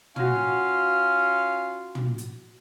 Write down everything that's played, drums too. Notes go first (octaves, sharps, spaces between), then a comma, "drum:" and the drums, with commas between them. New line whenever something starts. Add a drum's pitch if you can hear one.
C#4 F4 F#4 F5 G#5, drum: tom
drum: tom
drum: hi-hat